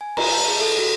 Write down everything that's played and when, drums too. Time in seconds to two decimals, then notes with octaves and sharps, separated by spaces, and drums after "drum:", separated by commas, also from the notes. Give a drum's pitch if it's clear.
0.01 G#5
0.17 A#5, drum: cymbal
0.32 A5
0.48 G#4
0.61 A4
0.79 F#4